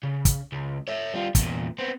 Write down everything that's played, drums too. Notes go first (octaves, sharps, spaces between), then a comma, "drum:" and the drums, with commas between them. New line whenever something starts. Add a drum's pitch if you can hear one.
C#3
drum: kick, hi-hat
C#2
C#5 E5
G3 F4
E2 A#2, drum: kick, hi-hat
B3 C4